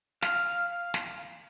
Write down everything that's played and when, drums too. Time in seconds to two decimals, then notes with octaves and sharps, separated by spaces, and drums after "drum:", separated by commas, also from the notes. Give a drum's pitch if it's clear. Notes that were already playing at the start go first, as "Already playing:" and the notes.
0.22 F5, drum: snare
0.94 drum: snare